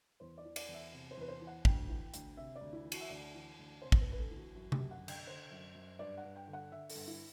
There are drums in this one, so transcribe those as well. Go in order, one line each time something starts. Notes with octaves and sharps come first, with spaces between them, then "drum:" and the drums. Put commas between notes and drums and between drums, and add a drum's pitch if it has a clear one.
E2 C5
D5
E3
D5, drum: cymbal
E2
E5
C3
C5
E2 B4
C5
E3
F#5
D2 G5, drum: kick
E3
D2, drum: hi-hat
C3 E5
D5
D2
E4
E3
F#4, drum: cymbal
E5
D2 D5
E3
D2
C3 C5
C5, drum: kick
B4
D2
B4
A4
E3
F#4
F#2 F#4
G4, drum: tom C3
F#2
F#5
D3
G5, drum: cymbal
D3 C5
F#2
F#2
G2 D5
F#5
G2
G5
D3
F#5
D3 E5
A4, drum: open hi-hat
G2
E4